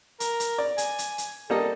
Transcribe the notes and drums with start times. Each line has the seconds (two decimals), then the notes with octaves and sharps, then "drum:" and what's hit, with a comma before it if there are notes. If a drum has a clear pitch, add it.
0.20 A#4, drum: hi-hat
0.40 drum: hi-hat
0.58 D5
0.78 G#5, drum: hi-hat
0.98 drum: hi-hat
1.18 drum: hi-hat
1.50 G3 A#3 A4 D#5